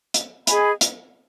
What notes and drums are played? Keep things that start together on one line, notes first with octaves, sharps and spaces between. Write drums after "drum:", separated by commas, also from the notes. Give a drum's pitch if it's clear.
drum: hi-hat
G#4 D#5 G#5 B5, drum: hi-hat
drum: hi-hat